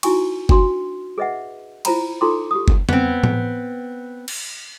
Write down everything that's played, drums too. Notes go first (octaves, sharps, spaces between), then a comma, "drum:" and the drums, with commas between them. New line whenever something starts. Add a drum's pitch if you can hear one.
D#4 E4 F#4 G#5 C#6, drum: cymbal
D4 F#4 C6, drum: kick F#1
G#4 B4 D#5 E5 F#5
E4 F4 C5 A#5 B5, drum: cymbal
D#4 F4 A4 A#5 C6 D6
G4 D#6
drum: kick F#1
B3 C4, drum: tom
drum: tom A2
drum: cymbal